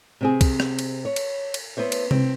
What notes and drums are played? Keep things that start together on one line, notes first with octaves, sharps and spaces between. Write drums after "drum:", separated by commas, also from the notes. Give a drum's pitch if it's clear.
C3 C4 G#4
drum: kick, cymbal
drum: rim click
drum: cymbal
C#5
drum: cymbal
drum: cymbal
B3 E4 C5 C#5
drum: cymbal
C4, drum: tom C3